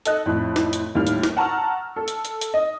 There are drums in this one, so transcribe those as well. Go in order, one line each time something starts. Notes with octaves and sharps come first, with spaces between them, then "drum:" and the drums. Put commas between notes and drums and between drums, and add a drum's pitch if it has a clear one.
A4 D#5 F#6, drum: hi-hat
F2 A2
drum: snare
drum: hi-hat
D#2 A2 G3 F6
drum: hi-hat
drum: snare
F#5 A5 A#5 C#6 E6 F6
A4
drum: hi-hat
drum: hi-hat
drum: hi-hat
D#5